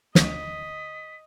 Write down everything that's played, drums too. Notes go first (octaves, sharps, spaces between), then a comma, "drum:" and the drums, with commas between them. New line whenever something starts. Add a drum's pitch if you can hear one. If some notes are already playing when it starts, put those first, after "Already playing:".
D2 D#5 B6, drum: snare